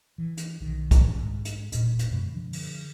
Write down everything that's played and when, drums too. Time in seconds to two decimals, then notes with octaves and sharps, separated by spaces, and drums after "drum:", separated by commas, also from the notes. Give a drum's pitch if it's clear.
0.18 E3
0.37 drum: hi-hat
0.60 B1 D#3
0.91 drum: kick, hi-hat
1.10 G#2
1.45 drum: hi-hat
1.72 E1 A#2, drum: hi-hat
1.99 drum: hi-hat
2.11 F#2 B2 D3 G#3
2.34 D3 F3 D4
2.53 drum: open hi-hat